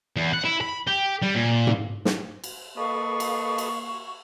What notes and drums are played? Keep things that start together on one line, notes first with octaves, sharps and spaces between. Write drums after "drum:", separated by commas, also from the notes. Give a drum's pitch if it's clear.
E2
F#5
E4
B5
G4
G3
A#2
drum: tom G#2
drum: snare
drum: cymbal
A#3 A4 B4 D#5 F5 C#6
drum: cymbal
drum: cymbal